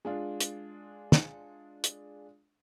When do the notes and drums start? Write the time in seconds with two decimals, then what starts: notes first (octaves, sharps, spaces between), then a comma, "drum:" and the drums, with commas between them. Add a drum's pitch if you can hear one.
0.05 G#3 D4 F4
0.40 drum: hi-hat
1.12 drum: snare
1.84 drum: hi-hat